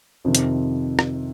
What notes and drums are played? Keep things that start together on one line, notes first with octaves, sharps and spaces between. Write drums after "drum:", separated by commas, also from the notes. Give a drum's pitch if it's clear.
F2 C3 D#3
drum: hi-hat
drum: rim click